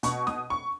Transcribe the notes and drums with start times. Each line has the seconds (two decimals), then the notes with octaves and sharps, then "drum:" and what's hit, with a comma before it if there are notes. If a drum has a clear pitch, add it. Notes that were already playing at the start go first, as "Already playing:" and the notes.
0.03 B2 C#6, drum: hi-hat
0.27 D#6, drum: snare
0.50 C#6